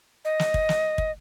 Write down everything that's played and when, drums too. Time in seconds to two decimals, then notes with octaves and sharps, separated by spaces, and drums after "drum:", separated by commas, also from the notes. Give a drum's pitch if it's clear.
0.25 D#5
0.39 drum: snare
0.54 drum: kick
0.69 drum: snare
0.98 drum: kick